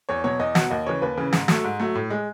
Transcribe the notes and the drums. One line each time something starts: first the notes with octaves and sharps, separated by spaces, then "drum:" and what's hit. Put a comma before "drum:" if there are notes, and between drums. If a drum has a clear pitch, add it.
E2 C#5
B2 F#3 C#5
E2 D#5
B2 F#3 F#5, drum: snare
D#2 D#5
C#3 E3 C#5
D#2 B4
C#3 E3
G#2, drum: snare
F#3 A3 A4, drum: snare
G#2
F#3 A3
A2
G#3